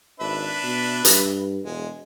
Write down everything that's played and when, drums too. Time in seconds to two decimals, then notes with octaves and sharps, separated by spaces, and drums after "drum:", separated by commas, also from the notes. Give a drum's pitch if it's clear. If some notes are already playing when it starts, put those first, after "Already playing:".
0.20 G#1 D4 B4 E5
0.64 B2
1.05 G2, drum: hi-hat
1.64 E1 G#3